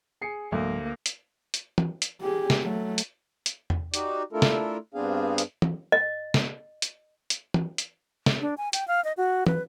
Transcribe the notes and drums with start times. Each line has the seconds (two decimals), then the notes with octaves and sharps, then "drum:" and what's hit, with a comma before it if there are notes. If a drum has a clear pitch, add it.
0.21 G#4 C7 C#7
0.52 D2 A2 F#3 G#3 A#3
1.06 drum: hi-hat
1.54 drum: hi-hat
1.78 drum: tom
2.02 drum: hi-hat
2.22 G4 G#4
2.50 drum: snare
2.62 F#3 A3
2.98 drum: hi-hat
3.46 drum: hi-hat
3.70 drum: tom E2
3.94 D#4 F#4 G4 D5, drum: hi-hat
4.33 A3 D4 E4 F4 A4 A#4
4.42 drum: snare
4.94 G2 B3 C4 D4 G#4 F5
5.38 drum: hi-hat
5.62 drum: tom
5.92 D#5
6.34 drum: snare
6.82 drum: hi-hat
7.30 drum: hi-hat
7.54 drum: tom
7.78 drum: hi-hat
8.26 drum: snare
8.41 D4
8.58 G#5
8.73 G5, drum: hi-hat
8.88 F5
9.05 D#5
9.17 F#4
9.47 B4, drum: tom